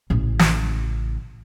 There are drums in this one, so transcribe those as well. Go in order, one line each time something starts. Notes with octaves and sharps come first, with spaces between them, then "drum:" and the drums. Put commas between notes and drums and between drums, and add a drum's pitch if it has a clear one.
A1 C#3
drum: snare